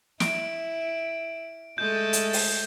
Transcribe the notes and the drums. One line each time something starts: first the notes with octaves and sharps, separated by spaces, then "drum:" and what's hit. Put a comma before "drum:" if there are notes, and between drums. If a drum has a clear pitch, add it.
E4 D7, drum: snare
G#3 A3 A4 G6
drum: hi-hat
drum: open hi-hat